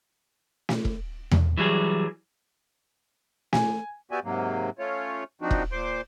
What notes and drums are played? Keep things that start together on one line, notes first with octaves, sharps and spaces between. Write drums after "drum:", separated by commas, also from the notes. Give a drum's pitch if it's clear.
drum: snare
drum: kick E1
drum: tom E2
E3 F#3 G3 G#4
G#5, drum: snare
B3 F#4 G4 D5 E5 G#5
G#2 C3 F#3 A#3
A3 C#4 F4 C#5
F3 C4 D4 D#4 F#4
drum: kick E1
A#2 C5 C6 D6